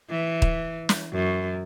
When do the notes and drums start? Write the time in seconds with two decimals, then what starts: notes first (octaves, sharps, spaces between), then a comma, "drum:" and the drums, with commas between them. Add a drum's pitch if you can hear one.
0.10 E3
0.42 drum: kick
0.89 drum: snare
1.12 F#2